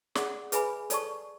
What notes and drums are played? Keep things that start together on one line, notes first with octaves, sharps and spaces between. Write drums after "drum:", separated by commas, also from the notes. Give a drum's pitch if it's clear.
G#4 D5 F#5, drum: snare
G#4 B4 E5 G#5 B5, drum: hi-hat
A4 D5 A5 C#6, drum: hi-hat